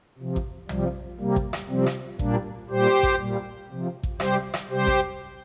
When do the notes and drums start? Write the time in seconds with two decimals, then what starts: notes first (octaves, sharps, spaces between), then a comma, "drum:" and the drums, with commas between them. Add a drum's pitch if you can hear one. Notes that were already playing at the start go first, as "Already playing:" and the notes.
0.19 C3 F3
0.36 drum: kick A1
0.69 C3 F3 G3, drum: tom B1
1.19 C3 G3 A#3
1.36 drum: kick A1
1.53 drum: rim click
1.69 C3 F3 G3 C4
1.86 drum: rim click
2.19 A#2 G3 A#3 D4, drum: kick A1
2.69 A#2 G3 G4 C5
3.03 drum: kick A1
3.20 A#2 G3
3.70 C3 F3
4.03 drum: kick A1
4.20 C3 G3 G4 C5, drum: rim click
4.54 drum: rim click
4.70 C3 G3 G4 C5
4.87 drum: kick A1